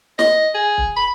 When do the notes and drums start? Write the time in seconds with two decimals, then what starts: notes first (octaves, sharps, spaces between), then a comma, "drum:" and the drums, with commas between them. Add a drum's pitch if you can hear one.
0.19 D#5, drum: snare
0.55 G#4
0.78 drum: kick C#1
0.97 B5